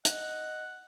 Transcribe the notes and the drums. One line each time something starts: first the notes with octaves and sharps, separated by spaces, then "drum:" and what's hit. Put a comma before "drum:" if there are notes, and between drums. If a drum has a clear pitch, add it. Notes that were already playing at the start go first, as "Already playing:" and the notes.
D#5 F#5, drum: hi-hat